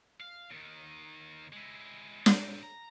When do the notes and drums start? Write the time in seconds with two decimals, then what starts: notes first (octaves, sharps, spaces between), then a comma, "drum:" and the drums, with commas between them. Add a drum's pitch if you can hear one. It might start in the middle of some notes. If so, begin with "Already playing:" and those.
0.20 F5
0.51 D#2 D#3
1.53 G#3 E4
2.26 A2 C4, drum: snare
2.63 A#5